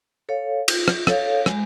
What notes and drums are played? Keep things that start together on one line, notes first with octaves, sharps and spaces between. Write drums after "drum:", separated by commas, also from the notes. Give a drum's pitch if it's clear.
A4 C#5 F5
F4, drum: cymbal
drum: rim click
A4 C#5 F5, drum: rim click
G#3, drum: rim click